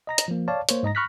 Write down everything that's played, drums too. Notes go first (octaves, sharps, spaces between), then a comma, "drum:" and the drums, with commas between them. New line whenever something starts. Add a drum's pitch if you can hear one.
D#5 A#5 A#6
drum: hi-hat
F3 A#3
C#5 D5 F5 A5
A#3 C5 C#5, drum: hi-hat
G#2 D#5 A#5 A#6
B5 C#6 F6 F#6 A#6 B6